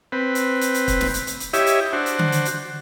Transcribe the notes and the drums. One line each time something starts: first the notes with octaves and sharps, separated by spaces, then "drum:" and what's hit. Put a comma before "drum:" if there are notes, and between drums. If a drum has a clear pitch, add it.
C4 B4
drum: hi-hat
drum: hi-hat
drum: hi-hat
drum: kick, hi-hat
drum: snare
drum: hi-hat
drum: hi-hat
drum: hi-hat
E4 G4 C#5 D#5 E5, drum: hi-hat
drum: hi-hat
D4 F#4 C5
drum: hi-hat
drum: tom D3
drum: hi-hat
drum: hi-hat